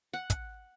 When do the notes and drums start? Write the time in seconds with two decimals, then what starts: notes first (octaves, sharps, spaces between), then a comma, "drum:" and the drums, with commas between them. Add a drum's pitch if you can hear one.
0.13 F#5
0.30 drum: kick, hi-hat